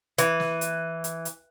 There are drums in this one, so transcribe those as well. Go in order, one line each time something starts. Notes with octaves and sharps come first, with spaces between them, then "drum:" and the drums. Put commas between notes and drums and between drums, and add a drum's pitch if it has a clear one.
E3, drum: hi-hat
drum: snare
drum: hi-hat
drum: hi-hat
drum: hi-hat